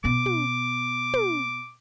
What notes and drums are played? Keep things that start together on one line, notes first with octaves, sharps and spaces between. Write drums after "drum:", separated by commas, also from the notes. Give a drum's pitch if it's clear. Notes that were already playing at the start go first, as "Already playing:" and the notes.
B2 B3 D6
drum: tom
drum: tom